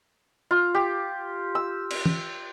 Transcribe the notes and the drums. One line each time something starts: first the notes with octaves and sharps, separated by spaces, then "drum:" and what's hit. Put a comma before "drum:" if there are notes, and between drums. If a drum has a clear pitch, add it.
F4
G4
E6
drum: cymbal
drum: tom